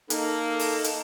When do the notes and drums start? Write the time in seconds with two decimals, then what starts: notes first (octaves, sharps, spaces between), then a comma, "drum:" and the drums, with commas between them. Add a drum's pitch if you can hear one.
0.10 A#3 D#4 A4, drum: hi-hat
0.60 drum: open hi-hat
0.84 drum: hi-hat